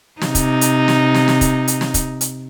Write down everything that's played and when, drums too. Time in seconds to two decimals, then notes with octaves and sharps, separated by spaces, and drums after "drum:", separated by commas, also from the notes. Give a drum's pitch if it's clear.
0.21 C3 D#4, drum: snare
0.35 drum: kick, hi-hat
0.61 drum: hi-hat
0.88 drum: snare
1.14 drum: snare
1.28 drum: snare
1.41 drum: kick, hi-hat
1.68 drum: hi-hat
1.81 drum: snare
1.94 drum: kick, hi-hat
2.21 drum: hi-hat